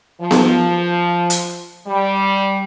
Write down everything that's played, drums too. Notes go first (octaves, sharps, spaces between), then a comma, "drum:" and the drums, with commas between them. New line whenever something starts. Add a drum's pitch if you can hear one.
F3
drum: snare B3
drum: hi-hat
G3